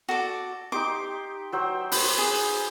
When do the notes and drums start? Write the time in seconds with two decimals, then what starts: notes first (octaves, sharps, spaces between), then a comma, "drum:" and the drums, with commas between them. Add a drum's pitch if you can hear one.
0.09 F#4 A4 D5
0.72 D#4 G4 C6 D6
1.52 F#3 C5 G5
1.92 B4 C5, drum: open hi-hat
2.18 G#4